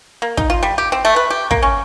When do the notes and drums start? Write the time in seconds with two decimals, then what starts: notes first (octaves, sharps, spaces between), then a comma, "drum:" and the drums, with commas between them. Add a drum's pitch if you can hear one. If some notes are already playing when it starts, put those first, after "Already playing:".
0.22 A#3
0.37 D#4, drum: kick
0.50 F4
0.63 G3
0.78 G4
0.92 C4
1.05 A3
1.16 B4
1.30 G4
1.51 A#3, drum: kick
1.62 C#4